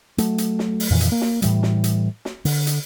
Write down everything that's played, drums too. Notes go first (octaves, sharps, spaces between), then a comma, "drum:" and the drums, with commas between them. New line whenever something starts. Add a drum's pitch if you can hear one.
F#3 A3, drum: hi-hat
drum: hi-hat
drum: snare
drum: open hi-hat
F2 A#2 D#3 E3
drum: hi-hat
A#3
drum: snare
A2 E3 G3, drum: hi-hat
drum: snare
drum: hi-hat
drum: snare
D3, drum: open hi-hat
drum: hi-hat